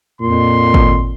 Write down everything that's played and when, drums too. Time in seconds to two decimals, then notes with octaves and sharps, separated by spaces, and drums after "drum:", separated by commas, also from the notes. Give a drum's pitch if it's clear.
0.21 F2 A#2 C6
0.74 drum: kick G#1